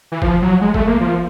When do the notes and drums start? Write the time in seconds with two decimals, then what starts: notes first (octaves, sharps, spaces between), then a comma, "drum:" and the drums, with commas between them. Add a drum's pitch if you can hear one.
0.12 E3
0.22 F3, drum: kick G1
0.42 F#3
0.61 G#3
0.74 A3, drum: kick G1
0.87 A#3
1.01 F3